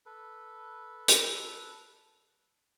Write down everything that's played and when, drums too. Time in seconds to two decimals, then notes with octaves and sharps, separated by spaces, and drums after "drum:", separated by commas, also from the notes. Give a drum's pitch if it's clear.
0.06 A4 B4
1.08 drum: hi-hat